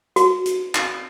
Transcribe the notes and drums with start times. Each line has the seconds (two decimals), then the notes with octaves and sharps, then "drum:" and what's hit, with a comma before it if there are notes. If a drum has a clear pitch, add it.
0.16 F#4, drum: hi-hat
0.46 drum: hi-hat
0.75 drum: clap